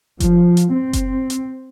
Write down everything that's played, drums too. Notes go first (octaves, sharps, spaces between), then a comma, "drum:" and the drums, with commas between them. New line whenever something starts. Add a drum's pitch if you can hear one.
F3, drum: kick F#1, hi-hat
drum: hi-hat
C4
drum: kick F#1, hi-hat
drum: hi-hat